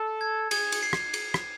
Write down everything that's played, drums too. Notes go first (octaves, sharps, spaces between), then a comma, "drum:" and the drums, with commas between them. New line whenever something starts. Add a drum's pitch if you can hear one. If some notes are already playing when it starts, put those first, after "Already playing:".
Already playing: A4
G#6
G#4 G#6, drum: cymbal
drum: cymbal
C7
drum: rim click
drum: cymbal
drum: rim click